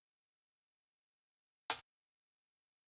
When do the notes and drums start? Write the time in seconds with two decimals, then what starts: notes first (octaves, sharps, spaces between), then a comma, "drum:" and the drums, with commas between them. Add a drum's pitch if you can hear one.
0.28 A#2 E4 E6
1.70 drum: hi-hat